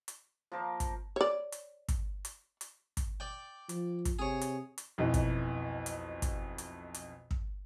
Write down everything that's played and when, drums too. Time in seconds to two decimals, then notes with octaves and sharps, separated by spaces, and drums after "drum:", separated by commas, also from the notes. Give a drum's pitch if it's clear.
0.08 drum: hi-hat
0.52 F3 A#3 A#4 C5 A5
0.80 drum: kick, hi-hat
1.16 C#5 D5
1.52 drum: hi-hat
1.89 drum: kick, hi-hat
2.25 drum: hi-hat
2.61 drum: hi-hat
2.97 drum: kick, hi-hat
3.20 D5 G5
3.69 F3, drum: hi-hat
4.05 drum: kick, hi-hat
4.19 C3 G#4 C#5
4.41 drum: hi-hat
4.78 drum: hi-hat
4.98 B1 F2 B2 E3
5.14 drum: kick, hi-hat
5.86 drum: hi-hat
6.22 drum: kick, hi-hat
6.58 drum: hi-hat
6.94 drum: hi-hat
7.31 drum: kick